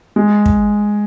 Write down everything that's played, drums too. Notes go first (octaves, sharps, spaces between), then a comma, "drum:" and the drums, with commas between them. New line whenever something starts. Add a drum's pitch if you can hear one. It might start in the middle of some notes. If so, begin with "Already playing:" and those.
G#3
drum: kick